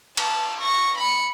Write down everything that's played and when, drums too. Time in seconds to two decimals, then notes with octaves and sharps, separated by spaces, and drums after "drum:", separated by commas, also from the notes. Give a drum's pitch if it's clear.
0.17 A5, drum: cymbal
0.60 C#6 A#6
0.98 B5 C#7